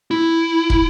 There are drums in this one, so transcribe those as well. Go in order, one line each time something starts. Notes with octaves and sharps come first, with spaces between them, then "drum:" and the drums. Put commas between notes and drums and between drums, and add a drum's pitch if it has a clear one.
E4
drum: kick